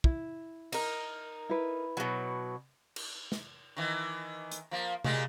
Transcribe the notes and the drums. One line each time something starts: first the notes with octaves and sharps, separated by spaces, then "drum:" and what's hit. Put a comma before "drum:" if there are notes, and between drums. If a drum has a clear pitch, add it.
E4, drum: kick
D#4 A#4, drum: cymbal
E4 B4
B2 F#3
drum: cymbal
drum: snare
D#3 E3
drum: hi-hat
F3 A#3
A#2 G3 G#3, drum: tom C3